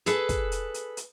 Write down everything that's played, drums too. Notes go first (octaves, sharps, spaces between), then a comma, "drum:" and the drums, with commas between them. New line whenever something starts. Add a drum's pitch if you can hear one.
G#4 A4 B4, drum: hi-hat
drum: kick, hi-hat
drum: hi-hat
drum: hi-hat
drum: hi-hat